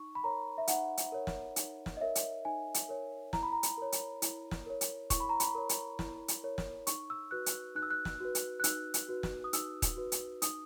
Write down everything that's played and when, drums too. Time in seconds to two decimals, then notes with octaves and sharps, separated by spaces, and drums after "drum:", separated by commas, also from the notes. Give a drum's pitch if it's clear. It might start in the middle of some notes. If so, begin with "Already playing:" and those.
Already playing: D#4 C#6
0.15 B5
0.24 A#4 C#5 A#5
0.58 E5
0.68 D#4 F#5, drum: hi-hat
0.97 drum: hi-hat
1.12 A#4 C#5
1.27 drum: snare
1.56 D#4, drum: hi-hat
1.86 drum: snare
1.97 D#5
2.01 A#4 C#5 E5
2.15 drum: hi-hat
2.45 D#4 G#5
2.74 drum: hi-hat
2.89 A#4 C#5
3.33 E4 A#5, drum: snare
3.43 B5
3.52 A#5
3.63 drum: hi-hat
3.78 A#4 C#5
3.92 drum: hi-hat
4.22 E4, drum: hi-hat
4.51 drum: snare
4.66 A#4 C#5
4.81 drum: hi-hat
5.10 E4 C#6, drum: kick D#1, hi-hat
5.20 B5
5.29 A#5
5.40 B5, drum: hi-hat
5.55 A#4 C#5
5.69 drum: hi-hat
5.99 E4, drum: snare
6.28 drum: hi-hat
6.44 A#4 C#5
6.58 drum: snare
6.87 D#4 C#6, drum: hi-hat
7.10 E6
7.31 F#4 B4 F#6
7.46 drum: hi-hat
7.75 D#4 F#6
7.82 E6
7.90 F#6
8.05 drum: snare
8.20 F#4 B4
8.35 drum: hi-hat
8.60 F#6
8.64 D#4 E6, drum: hi-hat
8.94 drum: hi-hat
9.09 F#4 B4
9.23 drum: snare
9.44 D#6
9.53 D#4 E6, drum: hi-hat
9.82 drum: kick D#1, hi-hat
9.96 F#4 B4
10.12 drum: hi-hat
10.42 D#4 D#6, drum: hi-hat